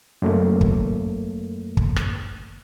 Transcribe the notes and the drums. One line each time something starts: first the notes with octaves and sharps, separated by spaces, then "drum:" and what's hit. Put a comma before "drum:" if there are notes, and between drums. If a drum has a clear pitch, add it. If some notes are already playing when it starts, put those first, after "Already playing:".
F#2 A3 A#3
drum: kick
drum: kick
drum: rim click